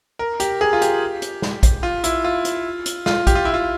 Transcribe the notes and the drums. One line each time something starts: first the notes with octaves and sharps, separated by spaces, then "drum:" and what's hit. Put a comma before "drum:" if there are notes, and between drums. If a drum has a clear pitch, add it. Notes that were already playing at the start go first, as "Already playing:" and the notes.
A#4
G4, drum: hi-hat
G#4
F4
G4, drum: hi-hat
drum: hi-hat
drum: snare
drum: kick A#1, hi-hat
F4
E4, drum: hi-hat
F4
drum: hi-hat
drum: hi-hat
F4, drum: snare
G4, drum: kick A#1, hi-hat
F4
E4
F4